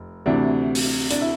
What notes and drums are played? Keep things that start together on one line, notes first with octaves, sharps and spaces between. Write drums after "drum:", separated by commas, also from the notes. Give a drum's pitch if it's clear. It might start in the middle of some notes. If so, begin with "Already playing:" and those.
Already playing: F1
D2 C3 E3 D4
drum: open hi-hat
D4, drum: hi-hat
E4